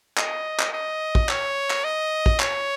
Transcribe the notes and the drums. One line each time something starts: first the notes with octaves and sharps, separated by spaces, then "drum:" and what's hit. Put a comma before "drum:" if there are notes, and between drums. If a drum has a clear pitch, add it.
D#5, drum: clap
drum: clap
D#5
drum: kick
C#5, drum: clap
drum: clap
D#5
drum: kick
C#5, drum: clap